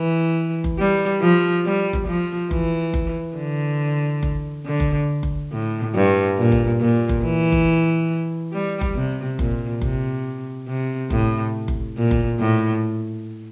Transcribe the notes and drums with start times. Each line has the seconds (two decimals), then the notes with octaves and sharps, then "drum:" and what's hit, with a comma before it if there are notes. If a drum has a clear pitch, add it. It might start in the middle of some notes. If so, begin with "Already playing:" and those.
Already playing: E3
0.64 drum: kick F#1
0.79 G3
1.21 F3
1.65 G3
1.93 drum: kick F#1
2.07 F3
2.51 E3, drum: kick F#1
2.94 drum: kick F#1
3.37 D3
4.23 drum: kick F#1
4.66 D3
4.80 drum: kick F#1
5.23 drum: kick F#1
5.52 A2
5.95 G2
6.38 A#2
6.52 drum: kick F#1
6.81 A#2
7.09 drum: kick F#1
7.24 E3
7.52 drum: kick F#1
8.53 G3
8.81 drum: kick F#1
8.95 C3
9.39 A#2, drum: kick F#1
9.82 C3, drum: kick F#1
10.68 C3
11.10 A2, drum: kick F#1
11.68 drum: kick F#1
11.97 A#2
12.11 drum: kick F#1
12.40 A2